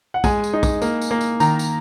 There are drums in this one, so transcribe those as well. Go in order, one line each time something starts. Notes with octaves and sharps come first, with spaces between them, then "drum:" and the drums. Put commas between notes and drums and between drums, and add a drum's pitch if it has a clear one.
F#5
G#3 G#5, drum: kick, tambourine
drum: tambourine
D#4
drum: kick, tambourine
A#3, drum: tambourine
drum: tambourine
A#3
drum: tambourine
D#3 A#5, drum: tambourine
drum: tambourine